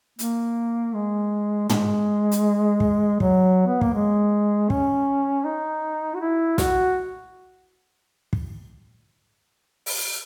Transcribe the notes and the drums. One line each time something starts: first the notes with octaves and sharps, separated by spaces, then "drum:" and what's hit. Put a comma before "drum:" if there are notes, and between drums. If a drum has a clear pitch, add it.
A#3, drum: hi-hat
G#3
G#3, drum: tom
drum: hi-hat
drum: kick
F#3, drum: kick
B3
A#3, drum: kick
G#3
C#4, drum: kick
D#4
F#4
E4
F#4, drum: snare
drum: kick
drum: open hi-hat